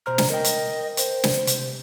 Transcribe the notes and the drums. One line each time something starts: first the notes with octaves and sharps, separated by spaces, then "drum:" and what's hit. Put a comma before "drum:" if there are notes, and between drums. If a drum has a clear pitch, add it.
B2 C5 A#5 F6
drum: snare
A#4 D#5 G5
drum: hi-hat
C5, drum: hi-hat
drum: snare
C3, drum: hi-hat